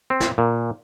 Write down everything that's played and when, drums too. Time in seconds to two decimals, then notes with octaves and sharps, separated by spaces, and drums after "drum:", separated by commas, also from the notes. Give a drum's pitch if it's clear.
0.10 C4
0.20 drum: snare
0.38 A#2